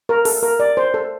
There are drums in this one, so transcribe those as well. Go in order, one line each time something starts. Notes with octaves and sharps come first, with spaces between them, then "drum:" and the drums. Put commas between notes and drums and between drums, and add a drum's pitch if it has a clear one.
A#4
A4, drum: open hi-hat
A#4
D5
C5
A4